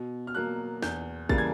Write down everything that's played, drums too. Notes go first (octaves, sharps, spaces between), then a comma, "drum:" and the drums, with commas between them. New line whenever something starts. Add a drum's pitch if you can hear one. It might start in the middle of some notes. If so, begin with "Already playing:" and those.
Already playing: B2
F6
F#3 A#3 F#6
E2 G6, drum: snare
C#3 E3 G3 A#3 A6, drum: kick
G#6